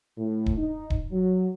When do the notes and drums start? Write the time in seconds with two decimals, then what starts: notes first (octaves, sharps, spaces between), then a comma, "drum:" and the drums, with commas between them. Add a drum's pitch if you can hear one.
0.18 A2
0.46 drum: kick D#1
0.57 D#4
0.90 drum: kick D#1
1.12 F#3